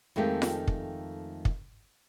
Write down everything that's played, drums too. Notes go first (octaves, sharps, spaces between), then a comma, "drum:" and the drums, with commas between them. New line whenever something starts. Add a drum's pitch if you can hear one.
F2 D#3 G#3 A3 G4
drum: snare F4
drum: kick
drum: kick